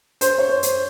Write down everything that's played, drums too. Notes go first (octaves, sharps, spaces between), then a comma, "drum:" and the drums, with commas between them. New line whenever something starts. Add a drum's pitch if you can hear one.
C5, drum: hi-hat
C#5
C5
drum: hi-hat